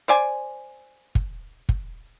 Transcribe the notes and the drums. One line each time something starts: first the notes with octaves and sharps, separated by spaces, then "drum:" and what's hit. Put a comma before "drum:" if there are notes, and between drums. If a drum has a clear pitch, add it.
C5 D5 G#5
drum: kick
drum: kick